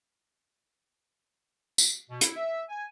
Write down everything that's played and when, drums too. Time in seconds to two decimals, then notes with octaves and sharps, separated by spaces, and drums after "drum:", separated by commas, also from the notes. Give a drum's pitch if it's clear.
1.78 drum: tambourine
2.10 B2
2.21 E4, drum: hi-hat
2.35 E5
2.69 G#5